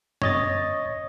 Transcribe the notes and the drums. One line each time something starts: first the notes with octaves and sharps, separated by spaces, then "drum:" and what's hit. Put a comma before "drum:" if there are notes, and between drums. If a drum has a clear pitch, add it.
C#5 D#5 A6, drum: tom